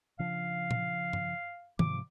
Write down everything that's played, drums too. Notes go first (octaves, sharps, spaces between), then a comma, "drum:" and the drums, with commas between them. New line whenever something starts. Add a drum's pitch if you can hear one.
C#3 F3 D4 F5
drum: tom A#2
drum: tom G2
G#2 C3 F3 D6, drum: tom